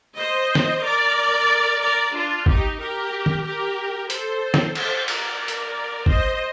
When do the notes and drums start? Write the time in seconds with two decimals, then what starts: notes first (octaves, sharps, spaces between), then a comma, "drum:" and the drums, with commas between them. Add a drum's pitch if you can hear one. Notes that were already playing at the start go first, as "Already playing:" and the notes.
0.17 C5 D#5
0.55 drum: snare
0.83 A#4 D5
1.81 A#4 D5
2.14 D4 F4
2.46 D#4 G4, drum: kick G1
2.79 G4 A#4
3.26 drum: tom
3.45 G4 A#4
4.10 A4 C5, drum: hi-hat
4.54 drum: snare
4.75 A4 C5, drum: cymbal
5.08 A#4 D5, drum: cymbal
5.48 drum: hi-hat
6.06 C5 D#5, drum: kick G1